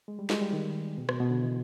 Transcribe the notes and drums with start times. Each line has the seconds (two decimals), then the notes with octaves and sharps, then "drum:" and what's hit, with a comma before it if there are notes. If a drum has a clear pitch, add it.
0.08 G#3
0.19 G3
0.30 G#3, drum: snare
0.41 G3
0.53 D#3
0.98 B2
1.09 B2, drum: rim click
1.20 B2
1.31 D3
1.43 E3